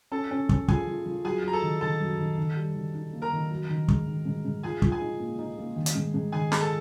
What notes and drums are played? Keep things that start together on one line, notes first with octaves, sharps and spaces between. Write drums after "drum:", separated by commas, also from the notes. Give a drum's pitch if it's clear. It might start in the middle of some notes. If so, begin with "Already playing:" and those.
C#4 A4 A5
C#4
C#4, drum: kick
F3 G#4 G#5, drum: kick
F3
F3
F#3 G#4 G#5
F#3 A#5
A4 A5
D#3
D#3 A4 A5
F#2
D#3
D#3
G3
D#3
D#4
A#3
A#4 A#5
D#3
F#3
D#3
G#2, drum: kick
D#3
G#2
G#2
F3 G#4 G#5
F3, drum: kick
G#4 G#5
D#4
A#3
D#4
A#3
D#3
drum: hi-hat
G#2
G#2
D#3 G#4 G#5
G#3, drum: snare
A4 A5